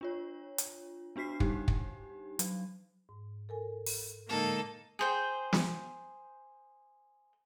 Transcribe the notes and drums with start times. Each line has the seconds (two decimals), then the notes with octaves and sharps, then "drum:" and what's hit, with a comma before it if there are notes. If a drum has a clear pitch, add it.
0.01 D4 F4 C#5
0.58 drum: hi-hat
1.16 B3 D4 F#4 B6 C7
1.40 G3 D4 D#4 G4, drum: kick
1.68 drum: kick
2.39 F#3, drum: hi-hat
3.09 G#2
3.49 A4 A#4 G#5
3.86 drum: open hi-hat
4.29 A2 D3 G#3 A#3 D#4 A4
4.99 G#4 C5 G5
5.53 drum: snare